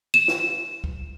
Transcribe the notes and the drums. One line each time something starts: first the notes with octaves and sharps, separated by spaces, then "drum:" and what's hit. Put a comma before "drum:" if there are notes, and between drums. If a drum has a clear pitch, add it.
E7
drum: snare
drum: kick